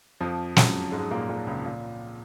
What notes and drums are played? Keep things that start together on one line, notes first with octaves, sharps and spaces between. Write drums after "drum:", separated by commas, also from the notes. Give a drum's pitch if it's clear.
F2 F3
F#2 F#3, drum: snare
G#2 G#3
A#2 A#3
A#2 A#3
C#2 C#3
A#2